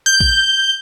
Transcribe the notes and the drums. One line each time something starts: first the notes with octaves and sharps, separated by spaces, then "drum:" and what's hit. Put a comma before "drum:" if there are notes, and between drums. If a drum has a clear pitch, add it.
G6
drum: kick A#1